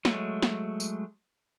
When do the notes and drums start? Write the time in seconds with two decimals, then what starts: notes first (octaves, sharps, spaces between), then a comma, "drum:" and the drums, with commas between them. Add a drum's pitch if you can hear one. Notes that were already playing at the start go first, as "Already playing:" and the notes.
0.05 F#3 G#3 A3, drum: snare
0.42 drum: snare
0.80 drum: tambourine